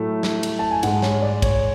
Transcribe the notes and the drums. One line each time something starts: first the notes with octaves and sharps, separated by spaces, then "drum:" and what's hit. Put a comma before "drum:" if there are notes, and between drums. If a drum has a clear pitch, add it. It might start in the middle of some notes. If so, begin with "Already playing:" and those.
Already playing: A2 F#3 A3
drum: snare
drum: cymbal
A5
G#5
G#2 G#3 F#5, drum: cymbal
C#5, drum: snare
D5
C#5, drum: kick, cymbal